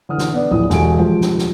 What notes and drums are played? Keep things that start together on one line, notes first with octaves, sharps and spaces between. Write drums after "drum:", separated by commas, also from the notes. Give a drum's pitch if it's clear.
D3 E3 D#6 F6
drum: snare
B3 D4 D5
D1 A#1 A2 D4 D#6
E1 F#4 G4 A4 G#5 D7, drum: snare
F3 G3 G#3
drum: snare
drum: snare